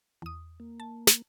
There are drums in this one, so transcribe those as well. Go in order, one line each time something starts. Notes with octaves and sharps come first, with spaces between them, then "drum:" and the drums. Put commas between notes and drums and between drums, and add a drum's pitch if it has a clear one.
E2 D#6
A#3
A5
drum: snare